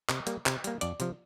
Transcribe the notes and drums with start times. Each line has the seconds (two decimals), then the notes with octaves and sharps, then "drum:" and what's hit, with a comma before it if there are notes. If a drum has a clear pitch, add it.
0.09 C3, drum: clap
0.27 G3 A#3, drum: hi-hat
0.46 C3, drum: clap
0.64 G3 A#3, drum: hi-hat
0.81 F2 D5, drum: hi-hat
1.00 C3 F3, drum: hi-hat